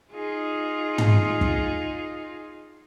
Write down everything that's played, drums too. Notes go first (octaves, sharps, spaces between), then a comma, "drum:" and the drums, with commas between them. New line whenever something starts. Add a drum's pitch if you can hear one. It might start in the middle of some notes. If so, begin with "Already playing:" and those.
D#4 F4 G#4
drum: tom
drum: kick